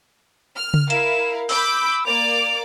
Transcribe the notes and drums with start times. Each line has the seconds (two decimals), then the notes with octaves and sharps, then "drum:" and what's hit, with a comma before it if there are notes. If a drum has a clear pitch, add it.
0.57 F6
0.74 drum: tom C#3
0.90 E4 A#4 F5 E7, drum: hi-hat
1.49 B5 D6 E6 G6, drum: open hi-hat
2.06 A#3 D5 D6 F7